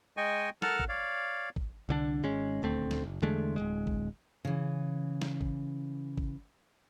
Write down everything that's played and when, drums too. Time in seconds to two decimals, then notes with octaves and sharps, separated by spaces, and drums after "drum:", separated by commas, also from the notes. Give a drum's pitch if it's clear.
0.17 G#3 D#5 G5 G#5 C#6
0.62 A4 A#4 F#5 A5 F6, drum: snare
0.79 drum: kick
0.89 C#5 D5 F5
1.56 drum: kick
1.89 C2 D3 D4
2.23 G#1 G#3 C#4
2.62 D#1 D2 A3 C4
2.91 drum: snare
3.04 F#1
3.22 E2 D3 G#3 A3
3.56 D1 D#2 G#3
3.87 drum: kick
4.45 C#3 E3
5.21 drum: snare
5.41 drum: kick
6.18 drum: kick